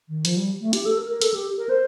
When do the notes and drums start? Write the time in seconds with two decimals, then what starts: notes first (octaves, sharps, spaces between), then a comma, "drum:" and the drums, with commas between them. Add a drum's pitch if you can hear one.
0.09 D#3
0.25 F3, drum: hi-hat
0.37 G3
0.61 A3
0.73 G4, drum: hi-hat
0.85 A4
0.97 A#4
1.10 A#4
1.22 A4, drum: hi-hat
1.34 G4
1.58 A#4
1.69 C5